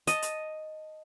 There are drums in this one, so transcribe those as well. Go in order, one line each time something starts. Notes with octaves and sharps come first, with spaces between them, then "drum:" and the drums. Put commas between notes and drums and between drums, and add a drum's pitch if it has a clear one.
D#5 A5, drum: hi-hat
drum: hi-hat